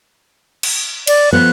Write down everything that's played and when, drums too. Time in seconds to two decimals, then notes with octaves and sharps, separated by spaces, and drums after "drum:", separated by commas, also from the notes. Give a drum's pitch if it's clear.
0.63 drum: cymbal
1.07 D5, drum: cymbal
1.33 F3 A3 B3 F#6